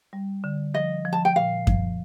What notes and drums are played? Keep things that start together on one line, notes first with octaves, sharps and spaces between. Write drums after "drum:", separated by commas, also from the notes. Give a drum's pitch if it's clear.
G3
D3
F3 D#5
F3
A5
G5
A#2 F5
F3, drum: kick F#2